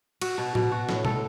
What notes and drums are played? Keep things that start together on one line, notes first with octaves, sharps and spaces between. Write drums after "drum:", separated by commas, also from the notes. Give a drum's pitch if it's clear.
F#4, drum: cymbal
B2
B2, drum: tom A2
F#4
A2, drum: snare
A4, drum: tom B2